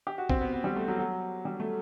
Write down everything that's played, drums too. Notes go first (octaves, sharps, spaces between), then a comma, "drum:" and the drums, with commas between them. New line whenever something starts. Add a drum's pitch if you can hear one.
G4
F#4
C4, drum: kick A#1
B3
B3
G3
A3
F#3
F#3
G3
A3